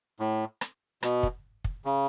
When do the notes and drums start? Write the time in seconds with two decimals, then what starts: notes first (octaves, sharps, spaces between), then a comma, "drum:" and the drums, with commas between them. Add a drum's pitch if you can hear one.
0.20 A2
0.61 drum: rim click
1.03 B2, drum: rim click
1.23 drum: kick
1.64 drum: kick
1.85 C#3